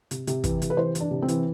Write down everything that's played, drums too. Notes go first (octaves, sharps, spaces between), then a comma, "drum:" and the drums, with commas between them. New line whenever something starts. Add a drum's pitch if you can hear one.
C3, drum: hi-hat
C3, drum: hi-hat
E3, drum: kick, hi-hat
C3, drum: hi-hat
B4
E3 C5
E3, drum: hi-hat
D4
C3
C4
E3, drum: hi-hat